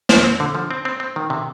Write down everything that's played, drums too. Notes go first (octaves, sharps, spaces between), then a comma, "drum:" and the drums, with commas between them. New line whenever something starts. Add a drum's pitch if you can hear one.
F3, drum: snare
C4
D3
F3
C4
C4
C4
D#3
C3